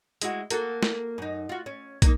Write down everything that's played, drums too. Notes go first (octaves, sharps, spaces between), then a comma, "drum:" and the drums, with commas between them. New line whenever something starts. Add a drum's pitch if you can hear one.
G#3 E4 F#4, drum: hi-hat
A#3 F#4 A4, drum: hi-hat
drum: snare
F#2 D#4
F4 F#4
C#4
A#3 D4 D#4, drum: kick, hi-hat